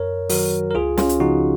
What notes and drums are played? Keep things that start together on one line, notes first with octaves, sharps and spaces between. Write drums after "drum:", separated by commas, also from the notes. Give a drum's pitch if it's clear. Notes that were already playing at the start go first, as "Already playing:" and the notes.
Already playing: F#2 A#4 C#5
D#3 F#3 F#4 A#4, drum: open hi-hat
A#4
C#2 F4 G#4
C#4 F4, drum: snare
drum: hi-hat
C#3 F3 D#4 F#4